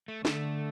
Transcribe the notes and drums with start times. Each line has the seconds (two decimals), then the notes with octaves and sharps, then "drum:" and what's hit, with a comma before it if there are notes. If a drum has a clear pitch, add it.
0.08 A3
0.25 D3 A3, drum: snare